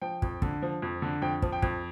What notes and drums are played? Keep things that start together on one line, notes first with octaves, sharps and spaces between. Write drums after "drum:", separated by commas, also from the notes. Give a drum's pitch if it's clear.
F3 G5
F2, drum: kick
D3, drum: kick
F3
F2
D3
F2 G5
F3, drum: kick
G5
F2, drum: kick